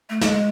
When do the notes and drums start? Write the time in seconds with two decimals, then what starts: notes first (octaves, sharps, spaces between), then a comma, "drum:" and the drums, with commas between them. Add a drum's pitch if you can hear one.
0.10 A3
0.21 G#3, drum: snare